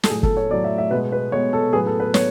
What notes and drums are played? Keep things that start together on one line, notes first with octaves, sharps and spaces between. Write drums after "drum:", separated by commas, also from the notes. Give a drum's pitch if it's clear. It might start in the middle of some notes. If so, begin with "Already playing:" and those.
A4, drum: snare
A2 F#3 A3 G#4
A4, drum: kick
C#5
A2 F#3 A3 D5
E5
E5
B2 G#3 B3 B4
B4
B2 G#3 B3 C#5
A4
A2 F#3 B3 G#4
A4
B4
F#3 B3 C#5, drum: snare